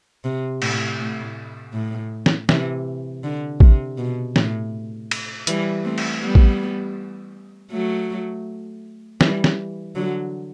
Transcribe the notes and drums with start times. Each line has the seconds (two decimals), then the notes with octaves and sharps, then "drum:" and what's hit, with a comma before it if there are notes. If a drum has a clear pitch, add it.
0.24 C3
0.62 A2, drum: cymbal
1.00 A2
1.74 A2
2.26 drum: snare
2.49 C3 E3, drum: snare
3.24 D3
3.60 C3, drum: kick A1
3.98 B2
4.36 A2, drum: snare
5.11 drum: cymbal
5.47 E3 G3, drum: hi-hat
5.85 A3 C4
5.98 drum: cymbal
6.22 G3 B3
6.35 drum: kick A1
7.71 F#3 A3
9.21 E3 G3, drum: snare
9.44 drum: snare
9.96 D3 F#3